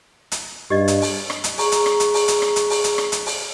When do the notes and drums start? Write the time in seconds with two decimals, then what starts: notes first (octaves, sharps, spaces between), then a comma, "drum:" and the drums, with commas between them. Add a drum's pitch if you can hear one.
0.32 drum: hi-hat
0.70 G2 G4 D5 D#5
0.88 drum: hi-hat
1.02 drum: open hi-hat
1.30 drum: rim click
1.44 drum: hi-hat
1.58 G#4 A#5 C#6, drum: open hi-hat
1.72 drum: hi-hat
1.86 drum: rim click
2.00 drum: hi-hat
2.14 drum: open hi-hat
2.28 drum: hi-hat
2.42 drum: rim click
2.56 drum: hi-hat
2.70 drum: open hi-hat
2.84 drum: hi-hat
2.98 drum: rim click
3.12 drum: hi-hat
3.26 drum: open hi-hat